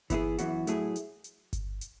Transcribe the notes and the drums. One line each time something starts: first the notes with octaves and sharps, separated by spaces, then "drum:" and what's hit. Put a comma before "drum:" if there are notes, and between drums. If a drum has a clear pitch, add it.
E3 B3 E4 G#4, drum: kick G1, hi-hat
F#2 E3 B3 F#4, drum: hi-hat
A2 F#3 A3 E4 G#4, drum: hi-hat
drum: hi-hat
drum: hi-hat
drum: kick G1, hi-hat
drum: hi-hat